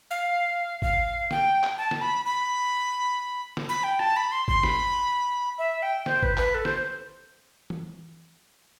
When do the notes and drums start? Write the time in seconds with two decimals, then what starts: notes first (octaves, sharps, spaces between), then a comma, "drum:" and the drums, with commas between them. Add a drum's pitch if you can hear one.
0.10 F5
0.82 F5, drum: kick G#1
1.31 G5, drum: snare
1.64 drum: clap
1.77 A5
1.91 drum: snare
2.01 B5
2.25 B5
3.57 drum: snare
3.69 B5
3.83 G5
3.99 A5, drum: rim click
4.16 B5
4.32 C6
4.48 C6, drum: kick G#1
4.63 B5, drum: snare
5.58 E5
5.82 G5
6.06 C5, drum: snare
6.23 B4, drum: kick G#1
6.37 B4, drum: clap
6.54 A4
6.65 C5, drum: snare
7.70 drum: tom E3